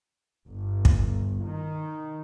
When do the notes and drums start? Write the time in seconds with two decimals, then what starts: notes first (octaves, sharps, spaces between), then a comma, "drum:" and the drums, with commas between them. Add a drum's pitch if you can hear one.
0.47 G1
0.85 drum: kick
1.44 D#3